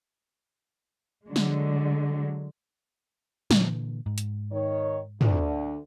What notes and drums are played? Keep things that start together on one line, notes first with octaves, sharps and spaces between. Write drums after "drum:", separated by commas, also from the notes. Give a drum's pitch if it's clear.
D3 F#3 G#3
drum: snare
A#2 D3 E3, drum: snare
G#2
drum: hi-hat
D#3 C#5
D2 D3, drum: tom